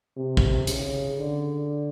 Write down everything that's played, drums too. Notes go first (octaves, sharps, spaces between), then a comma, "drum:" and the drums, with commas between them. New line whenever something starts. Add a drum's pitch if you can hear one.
C3
drum: kick
C#3, drum: hi-hat
D3